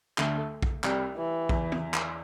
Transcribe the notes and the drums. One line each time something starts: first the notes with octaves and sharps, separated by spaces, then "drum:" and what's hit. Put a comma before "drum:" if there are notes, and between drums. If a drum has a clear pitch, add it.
D2 D3 A3, drum: clap
drum: kick A#1
C2 C3 G3, drum: clap
E3
E2, drum: kick A#1
drum: tom
drum: clap